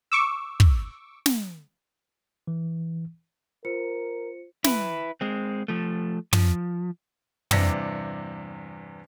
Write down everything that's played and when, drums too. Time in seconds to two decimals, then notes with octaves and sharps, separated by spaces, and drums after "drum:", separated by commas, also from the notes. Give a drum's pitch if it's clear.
0.12 C#6 D6 E6
0.60 drum: kick
1.26 drum: snare
2.47 E3
3.65 F4 A#4 C5 C#7
4.64 E4 B4, drum: snare
5.21 G#3 C4
5.68 F3 A3
6.33 F3, drum: tom
7.51 E2 G2 C3 D4 A#6 C#7, drum: tom